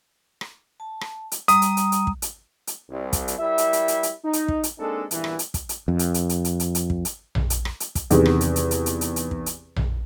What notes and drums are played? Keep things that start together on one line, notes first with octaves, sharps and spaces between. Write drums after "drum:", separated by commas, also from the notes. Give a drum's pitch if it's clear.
drum: rim click
A5
drum: rim click
drum: hi-hat
G3 A#5 D#6, drum: hi-hat
drum: hi-hat
drum: hi-hat
drum: hi-hat
drum: kick
drum: hi-hat
drum: hi-hat
C2
drum: kick, hi-hat
drum: hi-hat
G3 E4 A#4 E5
drum: hi-hat
drum: hi-hat
drum: hi-hat
drum: hi-hat
D#4
drum: hi-hat
drum: kick
drum: hi-hat
G#3 A#3 C4 D4 D#4 A4
E2 G2 A#2 E3, drum: hi-hat
drum: rim click
drum: hi-hat
drum: kick, hi-hat
drum: hi-hat
F2
drum: hi-hat
drum: hi-hat
drum: hi-hat
drum: hi-hat
drum: hi-hat
drum: hi-hat
drum: kick
drum: hi-hat
drum: tom A#1
drum: hi-hat
drum: rim click
drum: hi-hat
drum: kick, hi-hat
E2 C3 D#3, drum: hi-hat
drum: rim click
drum: hi-hat
drum: hi-hat
drum: hi-hat
drum: hi-hat
drum: hi-hat
drum: hi-hat
drum: kick
drum: hi-hat
drum: tom A#1